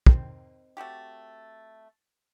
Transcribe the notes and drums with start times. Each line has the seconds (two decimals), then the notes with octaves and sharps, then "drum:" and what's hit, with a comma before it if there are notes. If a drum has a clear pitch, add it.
0.07 D#3 C4, drum: kick
0.77 A3 C4 F#4 G4